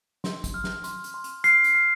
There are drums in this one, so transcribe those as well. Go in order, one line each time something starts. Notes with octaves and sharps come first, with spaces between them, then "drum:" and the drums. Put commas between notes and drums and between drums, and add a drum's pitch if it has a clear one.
C6, drum: snare
drum: kick, hi-hat
F6
drum: snare
C6, drum: hi-hat
drum: hi-hat
C6
drum: hi-hat
F6 C7, drum: hi-hat
drum: hi-hat
F6